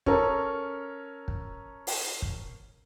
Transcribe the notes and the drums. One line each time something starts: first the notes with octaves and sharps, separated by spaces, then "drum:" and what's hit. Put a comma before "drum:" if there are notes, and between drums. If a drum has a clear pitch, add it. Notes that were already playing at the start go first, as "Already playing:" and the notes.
C#4 A4 A#4, drum: kick
drum: kick
drum: open hi-hat
drum: kick